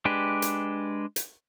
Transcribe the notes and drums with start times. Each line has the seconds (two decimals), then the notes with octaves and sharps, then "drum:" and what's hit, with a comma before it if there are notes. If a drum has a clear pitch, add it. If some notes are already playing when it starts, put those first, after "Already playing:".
0.05 G#3 D4 G4 B4
0.42 drum: hi-hat
1.16 drum: hi-hat